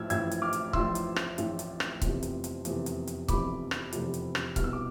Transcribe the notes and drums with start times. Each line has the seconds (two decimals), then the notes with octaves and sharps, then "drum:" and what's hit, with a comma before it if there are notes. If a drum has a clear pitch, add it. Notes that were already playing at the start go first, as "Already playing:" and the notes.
Already playing: A1 A2 F3 E6 F6 G#6
0.10 A1 A2 F3 E6 G#6, drum: hi-hat
0.31 drum: hi-hat
0.42 D6 F6
0.53 drum: hi-hat
0.73 A1 A2 F3 C6 E6, drum: kick C#1
0.95 drum: hi-hat
1.16 drum: rim click
1.38 A1 A2 F3, drum: hi-hat
1.59 drum: hi-hat
1.80 drum: rim click
2.02 F1 E2 C3 F3, drum: kick C#1, hi-hat
2.23 drum: hi-hat
2.44 drum: hi-hat
2.65 F1 E2 C3 F3, drum: hi-hat
2.86 drum: hi-hat
3.07 drum: hi-hat
3.28 F1 E2 C3 F3 B5 D6, drum: kick C#1, hi-hat
3.71 drum: rim click
3.93 F1 E2 C3 F3, drum: hi-hat
4.14 drum: hi-hat
4.35 drum: rim click
4.56 C2 B2 F6, drum: kick C#1, hi-hat
4.64 E6
4.73 D6